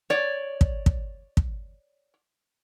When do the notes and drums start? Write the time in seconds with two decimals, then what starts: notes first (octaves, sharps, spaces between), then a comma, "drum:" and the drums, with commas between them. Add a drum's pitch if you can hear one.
0.10 C#5 D5
0.61 drum: kick
0.86 drum: kick
1.37 drum: kick